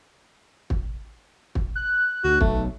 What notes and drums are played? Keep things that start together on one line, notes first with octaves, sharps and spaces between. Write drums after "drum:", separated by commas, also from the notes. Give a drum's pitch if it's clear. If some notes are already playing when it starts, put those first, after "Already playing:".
drum: kick
drum: kick
F#6
D2 F#4
B1 A3, drum: kick